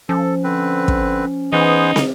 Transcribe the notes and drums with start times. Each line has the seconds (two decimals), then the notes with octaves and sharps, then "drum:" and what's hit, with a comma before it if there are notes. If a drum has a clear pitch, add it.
0.09 F3 C#4 A4
0.44 D3 C4 B4
0.88 drum: kick
1.53 E3 B3 D#4 G#4 C5
1.96 drum: snare